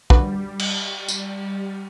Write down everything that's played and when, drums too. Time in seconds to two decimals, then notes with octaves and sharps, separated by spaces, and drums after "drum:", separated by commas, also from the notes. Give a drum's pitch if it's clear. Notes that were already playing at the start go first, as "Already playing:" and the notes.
0.10 G3 D4 F#4 B4, drum: kick
0.59 drum: cymbal
1.08 drum: tambourine